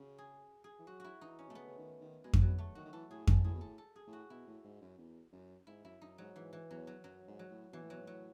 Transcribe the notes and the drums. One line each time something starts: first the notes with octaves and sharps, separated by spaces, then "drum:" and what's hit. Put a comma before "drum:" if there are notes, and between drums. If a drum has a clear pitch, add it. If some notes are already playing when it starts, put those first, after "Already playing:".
Already playing: C#3 F#4
G#4
G#4
E3
F#3 F#4
E4 F#4
E3 D#4
C#4
B2 A3
C#3 B3
C#3
D#3
D#3
B2 G#3
C#3, drum: kick F2
B2 F#3
A3
D#3 F#4
D#3
E3 A4
A2 G#4
G#2 A4, drum: kick F2
A2 G#4
B2
A2 A4
A4
G#4
A2
F#4
B2 E4
A2
G#2
F#2
E2
F#2
G#2 E4
F#2 E4
F#2 D#4
G#2 F#3
G#2 E3
E3
E2 F#3
F#3
F#2 F#3
G#2
F#3
A2
B2 E3
A2
B2 F#3
G#2
A2 F#3